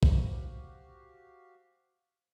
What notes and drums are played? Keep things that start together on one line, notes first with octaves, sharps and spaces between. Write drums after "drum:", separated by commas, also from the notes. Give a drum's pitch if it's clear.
F#4 G4 C5 F5, drum: kick